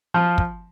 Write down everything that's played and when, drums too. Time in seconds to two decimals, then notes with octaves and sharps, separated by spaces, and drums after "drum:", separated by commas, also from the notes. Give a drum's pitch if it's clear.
0.14 F3
0.38 drum: kick